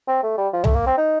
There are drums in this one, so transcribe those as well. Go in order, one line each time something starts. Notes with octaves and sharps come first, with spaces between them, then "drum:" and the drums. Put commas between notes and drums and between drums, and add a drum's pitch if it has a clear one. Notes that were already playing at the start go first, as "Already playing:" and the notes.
C4
A3
G3
F3
A3, drum: tom
A#3
C4
D#4